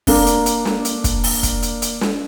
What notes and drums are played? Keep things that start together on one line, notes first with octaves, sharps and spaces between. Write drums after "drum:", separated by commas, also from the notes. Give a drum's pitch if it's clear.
A#3 D4, drum: kick, open hi-hat
drum: hi-hat
drum: hi-hat
drum: snare
drum: hi-hat
drum: kick, hi-hat
drum: open hi-hat
drum: kick, hi-hat
drum: hi-hat
drum: hi-hat
drum: snare